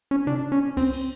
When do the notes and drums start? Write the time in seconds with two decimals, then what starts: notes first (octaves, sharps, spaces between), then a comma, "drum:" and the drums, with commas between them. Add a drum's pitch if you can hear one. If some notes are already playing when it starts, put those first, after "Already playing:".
0.11 C#4
0.27 D4, drum: tom B2
0.52 C#4
0.77 C4, drum: kick C#2, cymbal
0.93 drum: cymbal